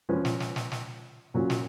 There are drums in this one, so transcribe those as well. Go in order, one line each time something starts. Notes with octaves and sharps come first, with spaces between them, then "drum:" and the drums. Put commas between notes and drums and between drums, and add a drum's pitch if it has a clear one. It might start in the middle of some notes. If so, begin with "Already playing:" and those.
F3 G#3 C#4 G#4 B4
drum: snare
drum: snare
drum: snare
drum: snare
A#2 F#3 C#4 F4
drum: snare